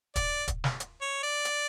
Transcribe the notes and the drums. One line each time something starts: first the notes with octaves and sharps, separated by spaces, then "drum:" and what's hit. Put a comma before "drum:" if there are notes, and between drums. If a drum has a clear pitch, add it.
D5, drum: kick, hi-hat
drum: kick, hi-hat
drum: snare
drum: hi-hat
C#5
D5
drum: hi-hat